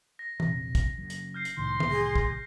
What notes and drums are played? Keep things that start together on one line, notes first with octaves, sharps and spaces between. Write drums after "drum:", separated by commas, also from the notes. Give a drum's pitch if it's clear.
A#6
E1 A#1 C3, drum: tom E3
drum: kick, hi-hat
F#1 F#2
drum: hi-hat
F6 G6 C7
drum: hi-hat
C2 A2 D#3 C6
drum: tom D3
G#4 A#6
drum: kick